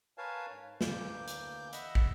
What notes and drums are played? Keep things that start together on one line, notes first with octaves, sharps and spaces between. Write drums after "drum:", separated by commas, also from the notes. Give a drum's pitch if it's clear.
A#4 B4 C#5 F5 G#5 A5
G#2
D2 E3 A#3 D6 G6, drum: snare
drum: hi-hat
D#5 E5 F#5 B5 E6, drum: hi-hat
drum: kick